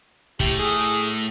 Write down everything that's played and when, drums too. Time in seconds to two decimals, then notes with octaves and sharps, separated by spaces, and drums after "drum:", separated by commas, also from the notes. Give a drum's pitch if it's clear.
0.40 A2 G4, drum: kick, hi-hat
0.59 G#4, drum: hi-hat
0.80 drum: hi-hat
1.00 drum: hi-hat